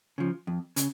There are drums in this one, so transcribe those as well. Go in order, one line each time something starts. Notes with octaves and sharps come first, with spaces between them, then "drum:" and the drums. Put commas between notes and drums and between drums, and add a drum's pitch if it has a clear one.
C#3 F3
F2
C#3, drum: hi-hat